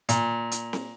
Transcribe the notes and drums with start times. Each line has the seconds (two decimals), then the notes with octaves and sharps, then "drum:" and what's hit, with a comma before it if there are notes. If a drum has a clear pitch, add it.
0.09 A#2, drum: hi-hat
0.52 drum: hi-hat
0.73 drum: snare C4